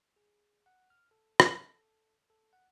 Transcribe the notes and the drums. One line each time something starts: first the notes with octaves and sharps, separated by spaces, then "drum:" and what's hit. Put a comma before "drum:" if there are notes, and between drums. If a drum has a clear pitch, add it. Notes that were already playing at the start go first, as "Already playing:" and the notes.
G#4
F#5
F6
A4
A4, drum: rim click
A4
F#5